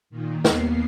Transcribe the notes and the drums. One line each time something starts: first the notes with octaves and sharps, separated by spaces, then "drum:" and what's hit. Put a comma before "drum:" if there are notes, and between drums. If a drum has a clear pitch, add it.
A#2 D#3
D#2 A#3 B3 C7, drum: snare